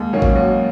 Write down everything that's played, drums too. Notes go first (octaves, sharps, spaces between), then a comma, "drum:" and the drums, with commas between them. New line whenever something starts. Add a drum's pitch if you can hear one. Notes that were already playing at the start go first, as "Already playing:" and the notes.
Already playing: D#2 G#3
D#3 F#3 A#3 C#4
drum: kick A1
D#2 F#3